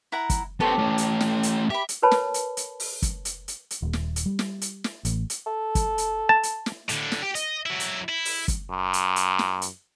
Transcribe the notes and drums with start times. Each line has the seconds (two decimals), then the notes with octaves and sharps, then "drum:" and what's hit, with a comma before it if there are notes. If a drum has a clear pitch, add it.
0.12 E4 F#5 A#5
0.30 drum: kick F#1, hi-hat
0.60 B3 G4 A4 C5 C#5
0.78 A3 C#4
0.98 drum: hi-hat
1.21 drum: snare
1.43 drum: hi-hat
1.70 G4 E5 B5
1.89 drum: hi-hat
2.02 A#4 B4 C#5 A5 B5
2.11 drum: snare
2.34 drum: hi-hat
2.57 drum: hi-hat
2.80 drum: open hi-hat
3.02 drum: kick F#1, hi-hat
3.25 drum: hi-hat
3.48 drum: hi-hat
3.71 drum: hi-hat
3.82 D#1
3.93 drum: snare
4.16 drum: hi-hat
4.26 G3
4.39 drum: snare
4.62 drum: hi-hat
4.84 drum: snare
5.05 A1, drum: hi-hat
5.30 drum: hi-hat
5.46 A4
5.75 drum: kick F#1, hi-hat
5.98 drum: hi-hat
6.29 A5
6.43 drum: hi-hat
6.66 drum: snare
6.89 A2 D3, drum: hi-hat
7.12 drum: snare
7.22 G4
7.35 D#5, drum: hi-hat
7.66 F#3 E4
7.80 drum: hi-hat
8.09 E4
8.25 drum: open hi-hat
8.48 drum: kick F#1, hi-hat
8.70 F#2
8.93 drum: hi-hat
9.16 drum: hi-hat
9.39 drum: snare
9.62 drum: hi-hat